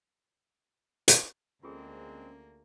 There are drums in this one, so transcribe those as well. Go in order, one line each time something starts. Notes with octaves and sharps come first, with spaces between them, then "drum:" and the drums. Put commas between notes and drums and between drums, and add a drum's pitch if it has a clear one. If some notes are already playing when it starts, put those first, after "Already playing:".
drum: hi-hat
D2 G#3 A#3 C4 C#4 F4 G#4 A4